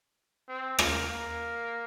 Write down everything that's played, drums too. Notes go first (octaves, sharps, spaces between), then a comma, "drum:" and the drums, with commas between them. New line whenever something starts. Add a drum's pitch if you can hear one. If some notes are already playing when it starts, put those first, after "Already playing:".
C4
A#3, drum: rim click
A#3